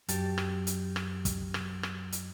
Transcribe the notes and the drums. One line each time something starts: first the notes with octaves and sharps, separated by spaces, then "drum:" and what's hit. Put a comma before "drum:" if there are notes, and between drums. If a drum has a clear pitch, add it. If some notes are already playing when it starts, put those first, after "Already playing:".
F#2 G4 A5, drum: hi-hat
drum: rim click
drum: hi-hat
drum: rim click
drum: kick, hi-hat
drum: rim click
drum: rim click
drum: hi-hat